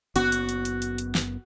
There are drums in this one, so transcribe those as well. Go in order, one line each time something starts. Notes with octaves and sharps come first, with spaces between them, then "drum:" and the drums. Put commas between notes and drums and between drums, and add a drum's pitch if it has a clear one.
F#1 B3 F#4, drum: hi-hat
drum: hi-hat
drum: hi-hat
drum: hi-hat
drum: hi-hat
drum: hi-hat
drum: snare